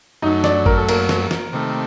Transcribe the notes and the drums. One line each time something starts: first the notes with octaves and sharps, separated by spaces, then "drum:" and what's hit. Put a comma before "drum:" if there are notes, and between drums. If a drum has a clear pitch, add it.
F#2 F#3 A3 D#4 D#5
D4 D5, drum: snare
A#4, drum: kick G1
A4
A#3 A#4, drum: cymbal
drum: snare
drum: snare
C3 D#3 A3